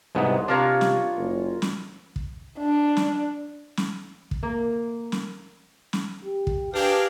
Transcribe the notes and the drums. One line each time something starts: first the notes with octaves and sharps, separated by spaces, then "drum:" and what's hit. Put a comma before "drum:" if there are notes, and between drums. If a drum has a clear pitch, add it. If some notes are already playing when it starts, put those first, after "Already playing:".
C2 G#2 G#3 B3
C3 D4 F4 A#4 C#5 F5 A#5
drum: snare
F#1
drum: snare
drum: kick
D4
drum: snare
drum: snare
drum: kick
A#3
drum: snare
drum: snare
G4
drum: kick
D4 G4 G#4 A#4 B4 F5 G5